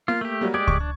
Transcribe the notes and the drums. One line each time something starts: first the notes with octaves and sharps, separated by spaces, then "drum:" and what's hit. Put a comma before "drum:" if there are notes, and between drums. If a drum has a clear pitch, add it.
A#3 F4
A3 G4
F#3 G3 A#3
G#3 G4 D5 G#6
C#6, drum: kick C#2
D4